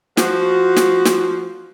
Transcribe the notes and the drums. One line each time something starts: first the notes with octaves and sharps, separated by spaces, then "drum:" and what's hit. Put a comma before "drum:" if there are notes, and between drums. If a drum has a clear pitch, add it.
F3 F#4, drum: snare
drum: snare
drum: snare